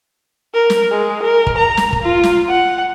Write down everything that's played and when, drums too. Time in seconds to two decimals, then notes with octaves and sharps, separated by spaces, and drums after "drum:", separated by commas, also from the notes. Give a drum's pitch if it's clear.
0.54 A#4
0.70 drum: snare
0.92 G#3
1.23 A#4
1.47 drum: kick
1.58 A#5
1.77 drum: snare
1.93 drum: kick
2.02 F4
2.23 drum: snare
2.49 F#5